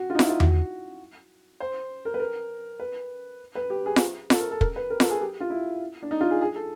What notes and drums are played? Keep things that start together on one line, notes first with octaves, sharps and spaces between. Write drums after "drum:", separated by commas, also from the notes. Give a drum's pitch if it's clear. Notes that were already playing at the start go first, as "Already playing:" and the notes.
Already playing: F#4
F4
D#4
E4, drum: snare F4
F4
F#4, drum: tom E2
C5
A#4
B4
A#4
B4
B4
G4
G#4
drum: snare F4
A4, drum: snare F4
A#4
A4
A#4, drum: kick
B4
A#4
A4, drum: snare F4
G#4
G4
F4
E4
D4
D#4
F4
G#4
G#4
A4